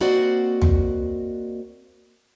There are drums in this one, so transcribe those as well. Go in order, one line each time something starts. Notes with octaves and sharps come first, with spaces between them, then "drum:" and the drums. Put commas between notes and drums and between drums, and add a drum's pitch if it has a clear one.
A#3 C4 F#4 C5 D5 D#5
drum: tom